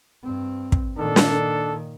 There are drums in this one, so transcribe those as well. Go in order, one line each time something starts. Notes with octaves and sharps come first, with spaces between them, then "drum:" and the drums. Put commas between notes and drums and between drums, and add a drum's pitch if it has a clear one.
G2 C4
drum: kick
A#2 D#3 D4 A4
drum: snare